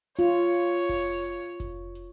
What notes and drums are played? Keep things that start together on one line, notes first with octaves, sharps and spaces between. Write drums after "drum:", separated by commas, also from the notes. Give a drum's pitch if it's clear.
F4 C#5, drum: hi-hat
drum: hi-hat
drum: kick F1, open hi-hat
drum: hi-hat
drum: kick F1, hi-hat
drum: hi-hat